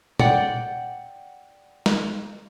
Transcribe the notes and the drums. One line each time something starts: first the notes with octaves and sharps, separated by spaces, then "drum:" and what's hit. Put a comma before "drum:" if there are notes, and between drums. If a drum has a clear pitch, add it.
D5 F#5 G5, drum: tom A#2
drum: snare